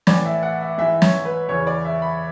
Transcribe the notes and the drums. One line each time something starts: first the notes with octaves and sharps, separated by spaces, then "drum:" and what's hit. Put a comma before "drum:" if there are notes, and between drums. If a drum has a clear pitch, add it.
A2 E3 D5, drum: snare
E5
F#5
E5
G#2 E3 E5
C#5, drum: snare
B4
E2 C#3 E3 C#5
D5
E5
B5